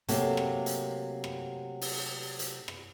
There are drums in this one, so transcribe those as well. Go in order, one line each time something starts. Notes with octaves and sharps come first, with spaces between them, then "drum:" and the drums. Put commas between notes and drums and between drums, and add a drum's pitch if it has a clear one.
C3 F#3 A3 A#3, drum: hi-hat
drum: rim click
drum: hi-hat
drum: rim click
drum: open hi-hat
drum: hi-hat
drum: rim click